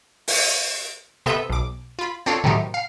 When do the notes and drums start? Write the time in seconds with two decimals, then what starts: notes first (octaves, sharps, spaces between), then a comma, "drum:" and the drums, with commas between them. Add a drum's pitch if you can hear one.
0.28 drum: open hi-hat
1.26 C3 B3 A4 D#5 E5 G6
1.49 B1 D6
1.99 F4 B5
2.26 C4 D4 F4 A4 C#5
2.44 A2 C3 D#3 F#3 D#4 G4
2.74 F5